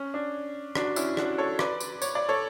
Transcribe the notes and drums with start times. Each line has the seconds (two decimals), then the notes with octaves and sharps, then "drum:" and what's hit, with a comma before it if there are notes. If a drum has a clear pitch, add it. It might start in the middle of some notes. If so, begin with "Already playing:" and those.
Already playing: C#4
0.14 D4
0.75 D4 F#4, drum: rim click
0.96 C#4 E4, drum: tambourine
1.17 D4 F#4, drum: rim click
1.38 A4 C#5
1.59 B4 D5, drum: rim click
1.81 drum: tambourine
2.02 C#5, drum: tambourine
2.15 D5
2.29 A4 C#5